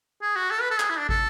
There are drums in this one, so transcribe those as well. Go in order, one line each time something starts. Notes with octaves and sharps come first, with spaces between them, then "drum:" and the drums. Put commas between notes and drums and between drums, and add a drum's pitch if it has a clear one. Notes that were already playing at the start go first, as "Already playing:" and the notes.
G#4
F#4
A4
B4
A4
G#4, drum: clap
E4
D4
A4, drum: kick